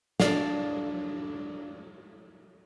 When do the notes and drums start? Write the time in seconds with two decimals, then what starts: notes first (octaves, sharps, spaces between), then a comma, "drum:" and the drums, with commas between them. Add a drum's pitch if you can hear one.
0.20 D4 D5 F5, drum: snare